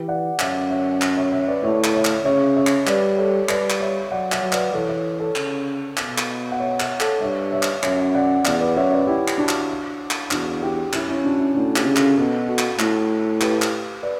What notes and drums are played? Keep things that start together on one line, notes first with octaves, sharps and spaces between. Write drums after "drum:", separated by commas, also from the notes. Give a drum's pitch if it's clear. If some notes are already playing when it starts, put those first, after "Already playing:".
Already playing: E3 G4 B4
D5 F#5
F#2 C#5 E5, drum: clap
C#5 E5
drum: clap
C#5 E5
C#5 E5
B4 D5
A2 C#5 E5
drum: clap
C#5 E5
drum: clap
C#3 C#5 E5
C#5 E5
drum: clap
G3 B4 D5, drum: clap
A4 C#5
G3 B4 D5, drum: clap
drum: clap
C#5 E5
F#3 D5 F#5
C#5 E5, drum: clap
F#3
B4 D5, drum: clap
E3 A4 C#5
A4 C#5
A4 C#5
C#3, drum: clap
B2, drum: clap
drum: clap
F#5
C#5 E5
C#5 E5, drum: clap
A4 C#5, drum: clap
G2 C#5 E5
C#5 E5
drum: clap
F#2 C#5 E5, drum: clap
D5 F#5
E2 D5 F#5, drum: clap
B4 D5
F#2 C#5 E5
B4 D5
E4 G4
drum: clap
D4 F#4
drum: clap
drum: clap
E2 D4 F#4, drum: clap
E4 G4
F#2 C#4 E4, drum: clap
C#4 E4
D4 F#4
C#4 E4
A2 D4 F#4
E4 G4, drum: clap
C#3
F#4 A4, drum: clap
B2 F#4 A4
F#4 A4
drum: clap
A2, drum: clap
G4 B4, drum: clap
drum: clap
B4 D5